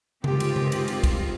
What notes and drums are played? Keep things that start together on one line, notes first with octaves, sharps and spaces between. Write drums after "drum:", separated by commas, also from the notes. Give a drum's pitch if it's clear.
G2 D#3 G#3 C4 F4 G4, drum: tom C#3
drum: cymbal
drum: tom C#3
drum: cymbal
drum: cymbal
drum: kick, cymbal